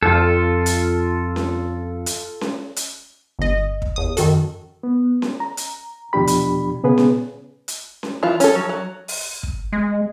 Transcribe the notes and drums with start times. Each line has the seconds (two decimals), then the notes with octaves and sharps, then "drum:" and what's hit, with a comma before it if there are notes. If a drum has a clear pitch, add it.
0.03 F2 F4 A4
0.66 drum: hi-hat
1.36 drum: snare C#4
2.06 drum: hi-hat
2.41 drum: snare C#4
2.76 drum: hi-hat
3.39 G1 D#5
3.82 drum: kick
3.96 E2 D#6
4.17 F#2 D#3 F#4 A4, drum: hi-hat
4.83 B3
5.22 drum: snare C#4
5.40 A#5
5.57 drum: hi-hat
6.13 E2 B2 F3 D4 G4 B5
6.27 drum: hi-hat
6.83 A#2 C#3 B3 G#4 B4
6.98 drum: snare C#4
7.68 drum: hi-hat
8.03 drum: snare C#4
8.23 E3 F4
8.40 C#4 A4, drum: hi-hat
8.55 F#3
8.69 F#3
9.08 drum: open hi-hat
9.43 drum: kick
9.73 G#3